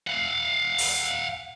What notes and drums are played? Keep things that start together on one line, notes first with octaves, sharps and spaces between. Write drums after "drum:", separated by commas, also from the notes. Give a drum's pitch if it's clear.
F5 F#5
drum: open hi-hat